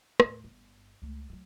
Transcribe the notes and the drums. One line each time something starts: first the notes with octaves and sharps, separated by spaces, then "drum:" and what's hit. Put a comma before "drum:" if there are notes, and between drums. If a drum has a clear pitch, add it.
D#2 A2, drum: rim click
G1
C#2 A3
E3 F#3